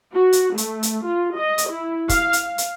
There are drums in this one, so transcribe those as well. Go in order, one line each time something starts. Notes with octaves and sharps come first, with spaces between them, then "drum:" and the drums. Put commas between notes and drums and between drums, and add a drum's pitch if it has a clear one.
F#4
drum: hi-hat
A3, drum: hi-hat
drum: hi-hat
F4
D#5
drum: hi-hat
E4
F5, drum: kick, hi-hat
drum: hi-hat
F5
drum: hi-hat